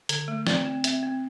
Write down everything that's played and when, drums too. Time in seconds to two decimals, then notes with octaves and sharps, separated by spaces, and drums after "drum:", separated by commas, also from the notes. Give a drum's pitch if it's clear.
0.09 D3, drum: hi-hat
0.28 A3
0.47 C4 D5, drum: snare
0.66 C4
0.84 C4 E5, drum: hi-hat
1.03 C4